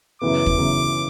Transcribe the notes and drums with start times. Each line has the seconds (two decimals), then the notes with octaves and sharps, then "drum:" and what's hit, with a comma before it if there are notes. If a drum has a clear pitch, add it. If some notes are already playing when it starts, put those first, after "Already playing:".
0.22 F#2 C#3 E3 B3 D6
0.46 drum: kick
0.58 F#2 C#3 E3 B3